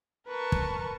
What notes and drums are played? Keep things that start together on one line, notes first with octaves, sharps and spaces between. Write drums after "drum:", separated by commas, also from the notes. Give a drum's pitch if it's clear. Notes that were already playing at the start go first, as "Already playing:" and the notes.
A#4 B4 A5 C#6
drum: kick